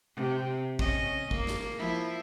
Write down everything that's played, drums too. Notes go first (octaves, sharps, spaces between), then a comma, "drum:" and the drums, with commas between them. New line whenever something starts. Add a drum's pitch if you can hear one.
C3
C#4 D#5, drum: kick
A#3, drum: kick
drum: snare
F3 E4